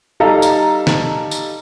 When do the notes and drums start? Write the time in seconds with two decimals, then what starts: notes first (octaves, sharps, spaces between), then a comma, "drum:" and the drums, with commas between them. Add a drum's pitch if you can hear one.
0.20 G3 D#4 A4 F5 A#5
0.42 drum: tambourine
0.87 drum: snare
1.31 drum: tambourine